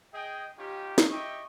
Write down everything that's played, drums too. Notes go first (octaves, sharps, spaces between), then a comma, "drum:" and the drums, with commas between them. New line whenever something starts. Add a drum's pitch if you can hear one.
G#4 D#5 G5
C#4 D#4 F4 G4
drum: snare
E4 G4 D#5 E5 G5 C#6